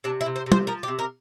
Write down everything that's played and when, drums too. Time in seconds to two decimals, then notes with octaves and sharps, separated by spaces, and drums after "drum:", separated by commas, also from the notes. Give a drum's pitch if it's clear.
0.04 C3 D4
0.21 E4
0.26 C3
0.36 C5
0.46 C3
0.52 C5, drum: tom
0.67 F3 A#4
0.83 G4
0.88 C3
0.99 A#4